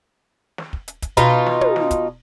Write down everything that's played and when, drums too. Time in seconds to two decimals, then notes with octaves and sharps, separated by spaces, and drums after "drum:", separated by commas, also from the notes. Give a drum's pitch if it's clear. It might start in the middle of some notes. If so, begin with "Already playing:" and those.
0.58 drum: snare
0.73 drum: kick
0.88 drum: hi-hat
1.02 drum: kick, hi-hat
1.17 B2 D#4 F4, drum: kick, hi-hat
1.46 drum: snare
1.61 drum: tom
1.76 drum: snare
1.91 drum: kick, hi-hat